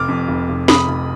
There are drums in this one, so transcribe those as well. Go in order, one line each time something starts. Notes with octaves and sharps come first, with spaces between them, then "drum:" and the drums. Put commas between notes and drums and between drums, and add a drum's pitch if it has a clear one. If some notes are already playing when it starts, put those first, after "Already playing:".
Already playing: F1 D6 F6
F2
F1
F1
F1 B5 D#6, drum: snare
F1